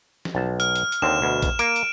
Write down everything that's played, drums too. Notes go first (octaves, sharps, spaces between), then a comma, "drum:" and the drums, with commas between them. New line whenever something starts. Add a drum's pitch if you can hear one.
drum: snare F3
B1 A5
F6, drum: hi-hat
drum: hi-hat
drum: hi-hat
D#2 D3 C4 E7
D2 B2
drum: kick A#1, hi-hat
A#3 D7, drum: hi-hat
drum: hi-hat